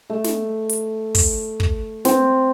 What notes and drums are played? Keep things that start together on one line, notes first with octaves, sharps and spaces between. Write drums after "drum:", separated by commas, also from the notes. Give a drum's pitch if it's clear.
A3
drum: snare
drum: hi-hat
drum: kick, open hi-hat
drum: kick
C4, drum: snare